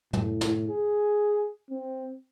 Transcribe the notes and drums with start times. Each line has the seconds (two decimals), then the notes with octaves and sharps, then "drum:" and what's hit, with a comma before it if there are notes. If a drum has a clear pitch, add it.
0.13 A2, drum: tom
0.41 drum: snare
0.69 G#4
1.70 C4